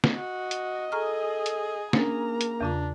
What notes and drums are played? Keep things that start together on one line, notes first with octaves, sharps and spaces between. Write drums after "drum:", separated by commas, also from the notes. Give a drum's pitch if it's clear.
drum: snare
F#4 D#5
drum: hi-hat
G#4 A4 A#5 C#6 F6
drum: hi-hat
A#3 C#4 D4 A#5 A6, drum: snare
drum: hi-hat
E2 C#3 D4 F4